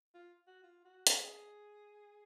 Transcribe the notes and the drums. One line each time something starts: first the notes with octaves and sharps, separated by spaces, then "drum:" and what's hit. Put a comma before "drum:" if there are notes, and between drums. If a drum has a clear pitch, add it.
F4
F#4
F4
F#4
G#4, drum: hi-hat